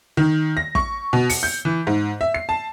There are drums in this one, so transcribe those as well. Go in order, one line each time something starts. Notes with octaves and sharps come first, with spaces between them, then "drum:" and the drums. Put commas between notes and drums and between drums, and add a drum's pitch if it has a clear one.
D#3
A#6
C#6, drum: kick
B2
C#7, drum: open hi-hat
G6
E3
G#2
E5
C7
A5